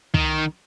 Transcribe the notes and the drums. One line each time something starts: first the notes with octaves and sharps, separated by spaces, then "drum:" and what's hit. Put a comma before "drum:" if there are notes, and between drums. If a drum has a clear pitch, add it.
D#3, drum: kick